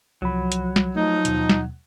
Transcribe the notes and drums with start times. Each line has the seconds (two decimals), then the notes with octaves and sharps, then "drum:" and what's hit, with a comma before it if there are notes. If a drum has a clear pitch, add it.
0.22 C2 F3 F#3 B5
0.52 drum: hi-hat
0.76 drum: snare
0.96 F3 A3 D#4
1.25 D#2 B2, drum: hi-hat
1.49 drum: snare